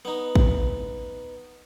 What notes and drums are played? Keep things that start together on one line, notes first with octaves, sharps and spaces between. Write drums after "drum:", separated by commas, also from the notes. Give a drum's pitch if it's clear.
B3 D#4
drum: kick A1